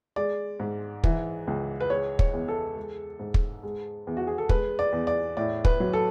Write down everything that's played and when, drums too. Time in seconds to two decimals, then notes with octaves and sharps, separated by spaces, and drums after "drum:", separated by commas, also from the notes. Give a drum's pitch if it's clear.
0.16 G#3 D5
0.60 G#2
1.04 E3, drum: kick
1.47 C#2
1.80 B4
1.90 G#3 C#5
2.19 C#5, drum: kick
2.33 E2
2.48 A4
2.76 G#3
3.19 G#2
3.34 drum: kick
3.63 G#3
4.07 E2
4.17 F#4
4.27 G#4
4.38 A4
4.49 G#3 B4, drum: kick
4.79 D5
4.92 E2
5.07 D5
5.37 A2 D5
5.65 B4, drum: kick
5.80 F#3
5.93 A4